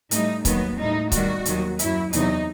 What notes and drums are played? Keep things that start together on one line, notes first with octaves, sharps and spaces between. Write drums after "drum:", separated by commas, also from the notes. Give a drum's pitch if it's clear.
A2 G3 D#4, drum: hi-hat
D#2 D#3 F#3 B3, drum: kick C#1, hi-hat
A2 G3 D#4
E2 D#3 G3 F#4, drum: kick C#1, hi-hat
D#2 D#3 F#3, drum: hi-hat
F#2 F#3 E4, drum: hi-hat
E2 C3 F#3 D#4, drum: hi-hat